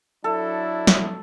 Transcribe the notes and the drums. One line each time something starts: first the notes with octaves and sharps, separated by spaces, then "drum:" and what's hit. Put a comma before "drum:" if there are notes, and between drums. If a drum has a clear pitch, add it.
F#3 D4 E4 A4
drum: snare